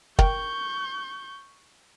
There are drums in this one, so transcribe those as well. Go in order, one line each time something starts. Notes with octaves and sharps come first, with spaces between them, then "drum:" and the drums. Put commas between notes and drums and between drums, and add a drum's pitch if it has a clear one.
A#4 G5 C#6 G6, drum: kick